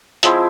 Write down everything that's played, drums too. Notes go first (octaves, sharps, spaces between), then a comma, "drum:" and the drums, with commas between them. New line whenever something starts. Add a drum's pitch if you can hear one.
F3 G#3 C4 E4, drum: hi-hat